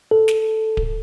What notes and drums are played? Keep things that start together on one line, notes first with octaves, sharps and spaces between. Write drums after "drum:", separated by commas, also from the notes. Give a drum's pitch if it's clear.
A4
drum: snare
drum: kick D1